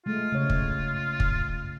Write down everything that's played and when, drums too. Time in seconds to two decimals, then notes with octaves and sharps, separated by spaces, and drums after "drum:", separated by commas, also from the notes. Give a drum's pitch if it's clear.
0.06 G#3 A3 F4
0.32 C#3 C#5
0.50 drum: kick
1.20 drum: kick